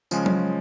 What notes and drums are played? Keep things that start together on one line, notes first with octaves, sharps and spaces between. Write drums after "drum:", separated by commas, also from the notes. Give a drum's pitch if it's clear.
C#3 F3 G#3 C#4, drum: tambourine
drum: tom F#3